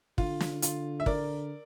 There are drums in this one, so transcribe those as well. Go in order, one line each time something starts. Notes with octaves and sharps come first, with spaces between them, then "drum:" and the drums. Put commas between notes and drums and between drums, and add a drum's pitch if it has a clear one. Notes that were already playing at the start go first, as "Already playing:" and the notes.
D3 F4, drum: kick
drum: snare
F4, drum: hi-hat
E5
D3 A#4 D5, drum: kick